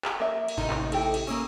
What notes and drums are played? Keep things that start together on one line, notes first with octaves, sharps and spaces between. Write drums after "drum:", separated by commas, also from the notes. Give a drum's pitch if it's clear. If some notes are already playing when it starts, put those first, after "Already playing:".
drum: clap
A#3 E5
drum: cymbal
A1 C3 D#4
drum: clap
E4 G4 A4, drum: cymbal
drum: cymbal
A#3 C#4 D#6 E6